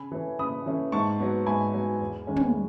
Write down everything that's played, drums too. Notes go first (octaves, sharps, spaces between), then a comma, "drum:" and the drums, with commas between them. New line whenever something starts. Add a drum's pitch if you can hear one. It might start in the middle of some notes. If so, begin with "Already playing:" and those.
Already playing: C#3 G#5 B5
E3 A3 C#4
C#3 B5 D#6
E3 A3 C#4
G#2 A5 C#6
F#3 B3
G#2 G#5 B5
F#3 B3
E2
D#3 G#3 C#4
drum: tom